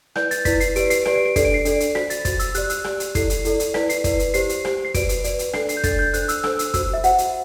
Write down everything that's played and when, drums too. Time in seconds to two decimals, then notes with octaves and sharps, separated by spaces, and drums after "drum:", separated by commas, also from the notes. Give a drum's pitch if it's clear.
0.15 E4 B4 D5 G6, drum: rim click
0.31 A6, drum: hi-hat
0.45 E4 B4 D5 B6, drum: kick, hi-hat
0.60 C7, drum: hi-hat
0.76 G4 B4 D5 D7, drum: hi-hat
0.90 C7, drum: hi-hat
1.05 G4 B4 D5 D7, drum: rim click
1.15 D7
1.25 D7
1.36 D4 A4 D5 C7, drum: kick, hi-hat
1.45 D7
1.54 C7
1.65 D4 A4 D5, drum: hi-hat
1.80 drum: hi-hat
1.95 F#4 C5 B6, drum: rim click
2.10 A6, drum: hi-hat
2.25 F#4 C5 A6, drum: kick, hi-hat
2.39 E6, drum: hi-hat
2.54 G4 D5 F#6, drum: hi-hat
2.70 E6, drum: hi-hat
2.84 G4 D5, drum: rim click
3.00 drum: hi-hat
3.15 E4 A4 D5 C7, drum: kick, hi-hat
3.30 drum: hi-hat
3.45 E4 A4 D5, drum: hi-hat
3.60 drum: hi-hat
3.74 E4 B4 D5 B6, drum: rim click
3.89 C7, drum: hi-hat
4.04 E4 B4 D5, drum: kick, hi-hat
4.19 drum: hi-hat
4.34 G4 C5 C7, drum: hi-hat
4.49 drum: hi-hat
4.65 G4 C5, drum: rim click
4.85 C7
4.94 F#4 B4 D5 D7, drum: kick, hi-hat
5.09 drum: hi-hat
5.24 F#4 B4 D5, drum: hi-hat
5.39 drum: hi-hat
5.53 D4 A4 D5 C7, drum: rim click
5.69 C7, drum: hi-hat
5.77 G6
5.84 D4 A4 D5 A6, drum: kick, hi-hat
5.99 G6
6.14 D4 A4 C5 F#6, drum: hi-hat
6.29 E6, drum: hi-hat
6.43 D4 A4 C5 E6, drum: rim click
6.59 E6, drum: hi-hat
6.74 F#4 C5 E6, drum: kick, hi-hat
6.94 E5
7.04 F#4 C5 F#5, drum: hi-hat
7.18 drum: hi-hat